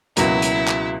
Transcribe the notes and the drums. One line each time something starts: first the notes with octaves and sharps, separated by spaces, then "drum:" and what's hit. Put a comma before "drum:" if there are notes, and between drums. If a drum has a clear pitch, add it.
C#2 B2 F#3 A#3 E4, drum: hi-hat
drum: hi-hat
drum: clap